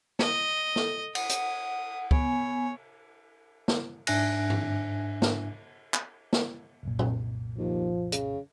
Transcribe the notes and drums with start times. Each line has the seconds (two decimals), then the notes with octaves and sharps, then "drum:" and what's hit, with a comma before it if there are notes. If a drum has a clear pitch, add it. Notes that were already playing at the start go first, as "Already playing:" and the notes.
0.19 D#5, drum: snare
0.76 A4, drum: snare
1.15 F#5 D#6, drum: cymbal
1.29 drum: hi-hat
2.11 B3 C#5 G#5, drum: kick C#2
3.68 drum: snare
4.07 G#2 D4 E5 G#5 F#6 A#6, drum: cymbal
4.50 drum: tom G2
5.22 drum: snare
5.94 drum: clap
6.33 drum: snare
6.83 C2 F#2 A#2
6.99 drum: tom A#2
7.58 D#2 F3
8.12 C#3, drum: hi-hat